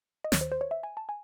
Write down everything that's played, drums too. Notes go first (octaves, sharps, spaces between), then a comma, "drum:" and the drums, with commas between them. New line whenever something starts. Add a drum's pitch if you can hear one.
D#5
D#2 D#3 C#5, drum: snare
C5
C5
C#5
E5
G#5
A5
G#5